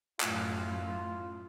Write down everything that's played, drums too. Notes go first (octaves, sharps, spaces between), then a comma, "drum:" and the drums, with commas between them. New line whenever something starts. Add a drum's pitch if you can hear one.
F#2 A2 F4, drum: clap